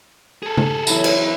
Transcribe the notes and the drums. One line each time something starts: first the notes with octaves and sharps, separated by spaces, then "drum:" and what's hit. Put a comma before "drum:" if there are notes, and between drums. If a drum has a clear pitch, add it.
G#4 A4
drum: tom
E3 F#3 B3 E4, drum: tambourine
drum: cymbal